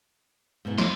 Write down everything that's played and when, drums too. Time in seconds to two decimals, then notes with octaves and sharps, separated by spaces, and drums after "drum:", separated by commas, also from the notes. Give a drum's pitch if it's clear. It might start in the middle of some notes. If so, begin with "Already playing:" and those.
0.65 G#2 B2 E3
0.78 F3 E4 C6, drum: snare